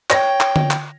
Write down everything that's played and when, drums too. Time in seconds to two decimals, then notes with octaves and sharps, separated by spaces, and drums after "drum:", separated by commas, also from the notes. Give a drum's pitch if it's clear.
0.10 C#5 G5 A#6, drum: clap
0.41 drum: clap
0.56 drum: tom D3
0.71 drum: clap